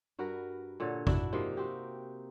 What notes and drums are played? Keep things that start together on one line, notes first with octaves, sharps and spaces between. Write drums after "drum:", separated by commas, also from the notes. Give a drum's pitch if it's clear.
G2 F#4 A#4 B4
A#2 D3 C#5
D4 E4 F#4 A4, drum: kick
C3 F3 A#3 D#4
C4 F#4 G4